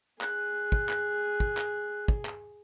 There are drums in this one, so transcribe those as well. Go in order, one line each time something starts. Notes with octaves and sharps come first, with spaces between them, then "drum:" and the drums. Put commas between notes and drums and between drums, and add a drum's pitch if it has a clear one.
G#4 F#6, drum: clap
drum: kick
drum: clap
drum: kick
drum: clap
drum: kick
drum: clap